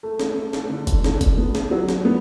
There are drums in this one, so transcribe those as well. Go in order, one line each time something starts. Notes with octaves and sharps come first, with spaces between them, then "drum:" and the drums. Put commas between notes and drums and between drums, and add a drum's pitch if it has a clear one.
A3
drum: snare
A3
drum: snare
D3
drum: kick F1, hi-hat
D3, drum: snare
drum: kick F1, hi-hat
B3
drum: snare
F#3
drum: snare
B3